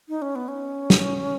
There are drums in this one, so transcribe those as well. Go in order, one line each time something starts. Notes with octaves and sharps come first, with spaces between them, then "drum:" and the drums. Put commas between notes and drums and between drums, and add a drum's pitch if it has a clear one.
D#4
C#4
B3
C#4
drum: snare